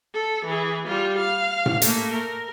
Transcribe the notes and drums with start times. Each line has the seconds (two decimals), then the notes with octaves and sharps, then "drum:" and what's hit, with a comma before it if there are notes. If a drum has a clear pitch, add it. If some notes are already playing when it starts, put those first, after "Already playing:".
0.14 A4
0.45 E3 G#4
0.87 G3 F4
1.19 F5
1.66 drum: tom A2
1.82 A3 A#3, drum: hi-hat
2.13 A#4